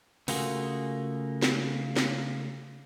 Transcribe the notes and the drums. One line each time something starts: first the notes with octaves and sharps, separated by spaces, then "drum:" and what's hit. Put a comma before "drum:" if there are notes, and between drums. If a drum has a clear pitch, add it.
C#3 A3 A#3 F4 F#4 G#4, drum: open hi-hat
drum: snare
drum: snare